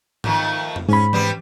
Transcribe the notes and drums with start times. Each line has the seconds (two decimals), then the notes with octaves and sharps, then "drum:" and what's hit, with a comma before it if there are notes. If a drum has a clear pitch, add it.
0.24 D#3 F3 A3, drum: tom
0.76 drum: tom F2
0.89 G#2 C#4 B5
1.13 G3 B3 C4, drum: tom E3